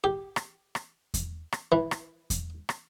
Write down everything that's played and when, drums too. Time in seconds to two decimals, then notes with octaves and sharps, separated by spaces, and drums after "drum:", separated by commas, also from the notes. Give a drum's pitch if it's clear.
0.04 G4
0.36 drum: rim click
0.75 drum: rim click
1.14 drum: kick E2, hi-hat
1.52 drum: rim click
1.72 E3
1.91 drum: rim click
2.30 drum: kick E2, hi-hat
2.69 drum: rim click